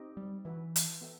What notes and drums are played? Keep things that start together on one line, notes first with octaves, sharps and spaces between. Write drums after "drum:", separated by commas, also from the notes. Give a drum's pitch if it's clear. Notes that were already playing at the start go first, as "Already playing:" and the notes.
Already playing: C4 D#4 G4 D#5
G3
E3 F#4 B4 E5
drum: hi-hat
B3 F#4 A4 E5 G5